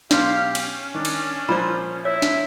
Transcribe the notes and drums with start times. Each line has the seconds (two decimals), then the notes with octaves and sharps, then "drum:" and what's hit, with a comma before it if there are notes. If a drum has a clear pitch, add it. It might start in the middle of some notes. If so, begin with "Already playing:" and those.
0.11 B1 G4 F5 C6, drum: snare
0.55 C#4, drum: cymbal
0.95 D#3 D4
1.05 drum: cymbal
1.49 A#2 F3 C5 B5
2.05 E4 C#5 E5
2.22 drum: snare